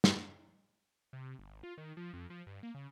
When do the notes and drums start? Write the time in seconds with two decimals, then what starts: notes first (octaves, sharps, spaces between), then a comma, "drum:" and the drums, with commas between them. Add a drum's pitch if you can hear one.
0.04 drum: snare
1.13 C3
1.39 G1
1.51 G#1
1.63 F4
1.78 D#3
1.97 F3
2.13 F2
2.30 F3
2.47 G2
2.63 A#3
2.75 C#3